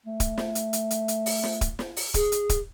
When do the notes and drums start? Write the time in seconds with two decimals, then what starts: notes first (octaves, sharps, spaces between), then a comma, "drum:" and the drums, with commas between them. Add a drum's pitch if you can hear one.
0.06 A3
0.20 drum: kick D1, hi-hat
0.38 drum: snare
0.55 drum: hi-hat
0.73 drum: hi-hat
0.91 drum: hi-hat
1.08 drum: hi-hat
1.26 drum: open hi-hat
1.43 drum: snare
1.61 drum: kick D1, hi-hat
1.79 drum: snare
1.96 drum: open hi-hat
2.14 G#4, drum: kick D1, hi-hat
2.32 drum: hi-hat
2.49 drum: kick D1, hi-hat